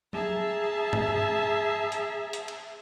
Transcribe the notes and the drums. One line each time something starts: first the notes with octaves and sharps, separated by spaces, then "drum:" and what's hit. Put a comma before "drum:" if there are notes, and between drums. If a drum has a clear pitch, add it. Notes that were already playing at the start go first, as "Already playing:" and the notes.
G#4 E5 A5 A#5, drum: tom F#3
drum: tom G2
drum: hi-hat
drum: hi-hat
drum: cymbal